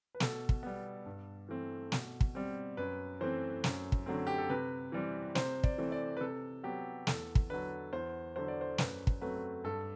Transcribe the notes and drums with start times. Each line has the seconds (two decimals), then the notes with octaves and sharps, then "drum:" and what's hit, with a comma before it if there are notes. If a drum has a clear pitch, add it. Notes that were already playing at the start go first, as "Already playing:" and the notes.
0.15 B4
0.20 B2 A4, drum: snare
0.49 drum: kick
0.63 G3 B3
1.06 G2
1.48 E3 A3 C4
1.92 B2, drum: snare
2.21 drum: kick
2.35 G3 C4
2.77 F#2 B4
3.21 E3 A3 C4 C5
3.64 F#2, drum: snare
3.92 drum: kick
4.06 D3 F#3 A3 C4
4.27 G4
4.38 A4
4.50 C3 B4
4.92 E3 G3 C4
5.35 C3 C5, drum: snare
5.64 D5, drum: kick
5.78 E3 A3 C4
5.92 D5
6.17 B4
6.21 C3 A4
6.63 F#3 B3 G4
7.07 E2 A4, drum: snare
7.35 drum: kick
7.50 D3 F#3 B4
7.93 E2 C5
8.36 D3 F#3 C5
8.48 D5
8.61 C5
8.78 F#2 B4, drum: snare
9.07 drum: kick
9.21 F#3 A3 C4 B4
9.64 G2 A4